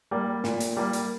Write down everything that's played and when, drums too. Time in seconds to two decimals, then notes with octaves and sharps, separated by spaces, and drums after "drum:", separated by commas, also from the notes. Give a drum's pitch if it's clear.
0.11 G3 A#3
0.44 A#2, drum: snare
0.60 drum: hi-hat
0.77 G3 A#3
0.93 drum: hi-hat